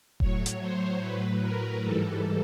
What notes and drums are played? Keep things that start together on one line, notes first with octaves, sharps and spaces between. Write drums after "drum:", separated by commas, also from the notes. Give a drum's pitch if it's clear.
A2 F#3 C#5, drum: kick E1
drum: hi-hat
C5
A2 F#3 B4
A#4
G#2 E3 G3 A4